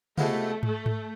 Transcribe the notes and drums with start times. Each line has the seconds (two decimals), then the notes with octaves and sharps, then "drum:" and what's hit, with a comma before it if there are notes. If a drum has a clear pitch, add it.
0.18 C3 G#3 A3 B3 F4, drum: tom C#3
0.63 A3, drum: tom G#2
0.86 drum: tom G#2